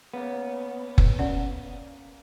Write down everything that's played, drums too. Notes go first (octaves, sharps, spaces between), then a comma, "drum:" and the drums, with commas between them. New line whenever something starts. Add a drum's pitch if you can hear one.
C#3 A#3 B3
drum: kick F#1
C#4 D5 F#5